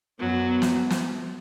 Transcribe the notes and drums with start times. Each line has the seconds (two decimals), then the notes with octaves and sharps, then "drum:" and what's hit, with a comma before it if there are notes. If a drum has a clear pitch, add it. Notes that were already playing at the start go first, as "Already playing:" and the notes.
0.18 F#2 F#3 B3
0.47 B3
0.62 drum: snare
0.90 drum: snare